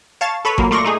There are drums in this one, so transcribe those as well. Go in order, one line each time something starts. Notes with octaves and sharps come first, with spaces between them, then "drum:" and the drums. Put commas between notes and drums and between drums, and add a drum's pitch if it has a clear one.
C#5 F5 A5 A6
A4 B4 C#5 B5
A#2 F#3 A#3, drum: kick G#1
A3 F4 D5 C6 C#6 A#6
A3 D#4 G#4